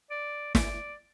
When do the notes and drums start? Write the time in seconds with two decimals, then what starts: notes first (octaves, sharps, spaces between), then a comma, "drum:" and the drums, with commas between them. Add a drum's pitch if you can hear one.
0.11 D5
0.55 D5, drum: snare